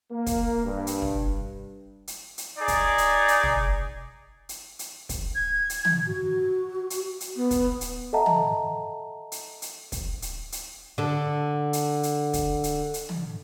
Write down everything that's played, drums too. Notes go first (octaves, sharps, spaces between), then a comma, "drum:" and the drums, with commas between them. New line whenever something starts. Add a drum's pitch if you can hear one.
A#3
drum: kick, hi-hat
G2
drum: hi-hat
drum: tom
drum: hi-hat
drum: hi-hat
D#4 G#4 D5
drum: kick, hi-hat
drum: hi-hat
drum: hi-hat
drum: tom
drum: hi-hat
drum: hi-hat
drum: kick, hi-hat
G#6
drum: hi-hat
drum: tom
F#4
drum: hi-hat
drum: hi-hat
B3
drum: kick, hi-hat
drum: hi-hat
A4 D#5 E5 F#5 A5 A#5
drum: tom
drum: hi-hat
drum: hi-hat
drum: kick, hi-hat
drum: hi-hat
drum: hi-hat
D3 A4
drum: hi-hat
drum: hi-hat
drum: kick, hi-hat
drum: hi-hat
drum: hi-hat
drum: tom